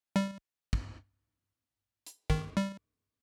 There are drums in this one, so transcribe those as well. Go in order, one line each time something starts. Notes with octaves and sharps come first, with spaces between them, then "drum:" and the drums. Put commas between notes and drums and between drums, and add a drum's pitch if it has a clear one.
G3
drum: kick
drum: hi-hat
D#3, drum: kick
G3